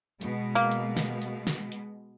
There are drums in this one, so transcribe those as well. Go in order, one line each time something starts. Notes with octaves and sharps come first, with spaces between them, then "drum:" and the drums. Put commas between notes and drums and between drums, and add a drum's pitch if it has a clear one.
B2 G#3, drum: hi-hat
A#3
drum: hi-hat
drum: snare
drum: hi-hat
drum: snare
drum: hi-hat